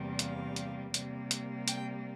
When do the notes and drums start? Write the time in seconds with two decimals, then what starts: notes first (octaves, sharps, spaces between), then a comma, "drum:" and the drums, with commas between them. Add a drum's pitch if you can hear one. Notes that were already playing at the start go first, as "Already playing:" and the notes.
Already playing: E2 C3 G3 A#3
0.19 F5, drum: hi-hat
0.56 drum: hi-hat
0.94 C3 G3 A#3, drum: hi-hat
1.31 drum: hi-hat
1.68 G5, drum: hi-hat